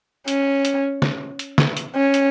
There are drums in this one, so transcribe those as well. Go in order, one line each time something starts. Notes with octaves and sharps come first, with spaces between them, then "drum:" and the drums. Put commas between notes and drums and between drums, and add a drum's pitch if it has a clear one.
C#4, drum: hi-hat
drum: hi-hat
drum: snare
drum: hi-hat
drum: snare
drum: hi-hat
C#4
drum: hi-hat